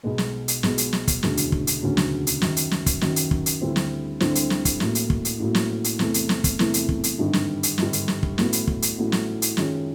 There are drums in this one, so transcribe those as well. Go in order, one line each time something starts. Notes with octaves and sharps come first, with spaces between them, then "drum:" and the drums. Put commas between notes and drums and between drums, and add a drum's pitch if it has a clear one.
B1 B2 G#3 B3
drum: snare
drum: hi-hat
B1 B2 G#3 B3, drum: snare
drum: hi-hat
drum: snare
drum: kick, hi-hat
E1 D2 C#3 F#3, drum: snare
drum: hi-hat
drum: kick
drum: hi-hat
E1 D2 C#3 F#3
drum: snare
drum: hi-hat
F#2 D#3 F#3, drum: snare
drum: hi-hat
drum: snare
drum: kick, hi-hat
F#2 D#3 F#3, drum: snare
drum: hi-hat
drum: kick
drum: hi-hat
D2 D3 G3 C4 E4
drum: snare
D2 D3 G3 C4 E4, drum: snare
drum: hi-hat
drum: snare
drum: kick, hi-hat
A1 A2 F#3 A#3, drum: snare
drum: hi-hat
drum: kick
drum: hi-hat
A1 A2 F#3 A#3
drum: snare
drum: hi-hat
E2 C3 E3 A3, drum: snare
drum: hi-hat
drum: snare
drum: kick, hi-hat
E2 C3 E3 A3, drum: snare
drum: hi-hat
drum: kick
drum: hi-hat
G#1 G2 D3 G3
drum: snare
drum: hi-hat
G#1 G2 D3 G3, drum: snare
drum: hi-hat
drum: snare
drum: kick
A1 A2 F#3 B3, drum: snare
drum: hi-hat
drum: kick
drum: hi-hat
A1 A2 F#3 B3
drum: snare
drum: hi-hat
F#2 D#3 G#3 C#4 F4, drum: snare